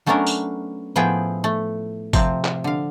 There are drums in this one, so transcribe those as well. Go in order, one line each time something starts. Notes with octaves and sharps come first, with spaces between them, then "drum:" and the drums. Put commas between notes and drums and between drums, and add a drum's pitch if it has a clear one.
F#3 A3 B3 C#4 D4 A#4
drum: tambourine
A2 F3 B3 E4 G#4 G5
A3
C3 F3 C4, drum: kick G1, tambourine
drum: clap
D3 F5